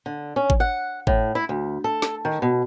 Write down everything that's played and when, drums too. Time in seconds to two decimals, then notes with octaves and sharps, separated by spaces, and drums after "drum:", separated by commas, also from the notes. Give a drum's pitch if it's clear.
0.06 D3
0.36 C#4
0.50 drum: kick G#1
0.60 F#5
1.07 A2, drum: kick G#1
1.35 E4
1.49 D2
1.84 A4
2.02 drum: snare
2.25 D#3
2.42 B2